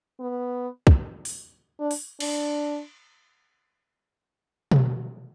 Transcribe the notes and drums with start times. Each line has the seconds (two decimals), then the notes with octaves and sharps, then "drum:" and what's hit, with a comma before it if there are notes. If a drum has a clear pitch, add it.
0.20 B3
0.87 drum: kick
1.25 drum: open hi-hat
1.80 D4
1.91 drum: open hi-hat
2.20 D4, drum: cymbal
4.71 drum: tom B2